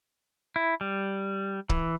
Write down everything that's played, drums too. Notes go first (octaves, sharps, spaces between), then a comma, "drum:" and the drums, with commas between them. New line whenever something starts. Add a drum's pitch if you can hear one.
E4
G3
E3, drum: kick